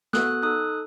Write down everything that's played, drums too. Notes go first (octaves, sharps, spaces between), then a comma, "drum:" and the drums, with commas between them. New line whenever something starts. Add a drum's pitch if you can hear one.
B3 F#4 A4 D#6 F#6, drum: snare
D#4 A4 D#6 F#6